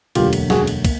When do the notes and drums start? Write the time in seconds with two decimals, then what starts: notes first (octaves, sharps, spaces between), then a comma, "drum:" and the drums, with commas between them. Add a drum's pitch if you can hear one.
0.15 E1 D2 D3 F#3 A#3 F4 G4, drum: cymbal
0.33 drum: cymbal
0.50 F#4 G#4, drum: snare
0.67 drum: cymbal
0.85 A#3, drum: kick, cymbal